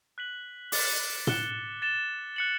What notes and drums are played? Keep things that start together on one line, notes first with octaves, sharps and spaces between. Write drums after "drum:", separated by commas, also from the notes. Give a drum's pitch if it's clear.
F#6 B6 F#7
D6 A6 C#7, drum: open hi-hat
F#6 C#7 E7 G7, drum: tom
A6 E7 G7
F#6 C#7 F#7